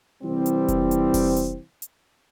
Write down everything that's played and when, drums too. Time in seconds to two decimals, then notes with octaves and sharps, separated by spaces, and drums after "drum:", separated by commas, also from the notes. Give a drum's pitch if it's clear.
0.23 C2 E3 G3 C4
0.46 drum: hi-hat
0.68 drum: kick F1, hi-hat
0.91 drum: hi-hat
1.14 drum: kick F1, open hi-hat
1.37 drum: hi-hat
1.82 drum: hi-hat